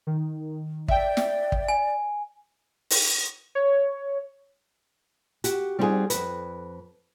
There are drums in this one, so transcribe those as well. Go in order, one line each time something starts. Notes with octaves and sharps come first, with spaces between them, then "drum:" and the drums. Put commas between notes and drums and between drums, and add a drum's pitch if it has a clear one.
D#3
D5 E5 G5, drum: kick
drum: snare
drum: kick
G#5
drum: open hi-hat
C#5
F#4 G4, drum: hi-hat
G3 C4 D#4 E4 F#4 G#4
F2 B4, drum: hi-hat